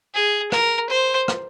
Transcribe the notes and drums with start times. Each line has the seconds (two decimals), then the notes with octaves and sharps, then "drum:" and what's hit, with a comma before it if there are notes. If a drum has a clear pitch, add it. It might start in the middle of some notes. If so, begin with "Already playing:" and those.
0.14 G#4
0.52 A#4, drum: rim click
0.90 C5
1.28 drum: rim click